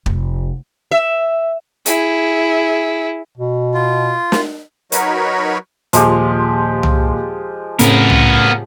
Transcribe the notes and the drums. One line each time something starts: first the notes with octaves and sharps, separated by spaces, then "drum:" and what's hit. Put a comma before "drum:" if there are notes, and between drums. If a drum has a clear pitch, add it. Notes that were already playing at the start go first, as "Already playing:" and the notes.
F1, drum: kick
E5
E4 G#4, drum: hi-hat
B2
F4
drum: snare
F#3 D#4 F#4 A#4 B4 C#5, drum: hi-hat
D#2 A#2 F3 G#3 G4, drum: hi-hat
drum: tom C2
F2 A2 C#3 B3 A#4, drum: hi-hat
drum: tom C2